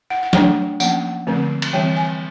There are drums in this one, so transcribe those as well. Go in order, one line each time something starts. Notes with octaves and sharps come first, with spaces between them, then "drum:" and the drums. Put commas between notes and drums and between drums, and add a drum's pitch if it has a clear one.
F#5
F#5
F#3 A3 D4 G5, drum: snare
F3 A#3 C#4 F#5, drum: tambourine
D3 F3 A3 C4
drum: cymbal
E3 G3 C4 G5
G#5